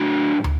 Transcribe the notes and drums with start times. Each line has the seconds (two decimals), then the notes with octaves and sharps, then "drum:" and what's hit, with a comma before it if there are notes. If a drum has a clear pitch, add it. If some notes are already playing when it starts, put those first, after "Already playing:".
Already playing: A2 F#3 D4 F#4
0.44 drum: tom